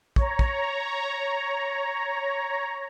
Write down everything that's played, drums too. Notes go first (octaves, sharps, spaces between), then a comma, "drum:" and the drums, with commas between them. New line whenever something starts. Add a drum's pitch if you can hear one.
C#5 A#5, drum: kick
drum: kick